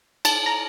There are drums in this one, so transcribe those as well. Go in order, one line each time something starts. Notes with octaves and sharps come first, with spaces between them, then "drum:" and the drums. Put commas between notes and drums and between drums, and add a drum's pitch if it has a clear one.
A5, drum: cymbal
A#5